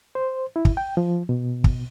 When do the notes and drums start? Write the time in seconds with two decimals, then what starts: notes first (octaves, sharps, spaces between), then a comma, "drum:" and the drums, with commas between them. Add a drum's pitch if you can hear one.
0.15 C5
0.56 E4
0.65 drum: kick
0.77 G5
0.97 F3
1.29 B2
1.64 drum: kick